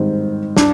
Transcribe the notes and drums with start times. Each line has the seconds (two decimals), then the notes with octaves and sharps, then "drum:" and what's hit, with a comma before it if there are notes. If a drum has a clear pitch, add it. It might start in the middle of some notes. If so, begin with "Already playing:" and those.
Already playing: G#2 D#3 G3 C4
0.57 D4, drum: snare